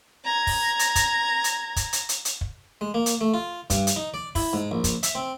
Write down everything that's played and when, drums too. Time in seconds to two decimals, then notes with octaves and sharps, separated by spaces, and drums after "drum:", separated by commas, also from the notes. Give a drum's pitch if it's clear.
0.25 A#5 G#6
0.47 drum: kick, open hi-hat
0.79 drum: hi-hat
0.96 drum: kick, hi-hat
1.44 drum: hi-hat
1.76 drum: kick, hi-hat
1.93 drum: hi-hat
2.09 drum: hi-hat
2.25 drum: hi-hat
2.41 drum: kick
2.81 G#3
2.94 A#3
3.06 drum: hi-hat
3.21 A3
3.34 F4
3.70 G2, drum: kick, hi-hat
3.87 drum: hi-hat
3.96 D#4
4.14 D5
4.35 E4, drum: kick, open hi-hat
4.53 G#2
4.71 A#1
4.84 drum: kick, hi-hat
5.03 E5, drum: hi-hat
5.15 C4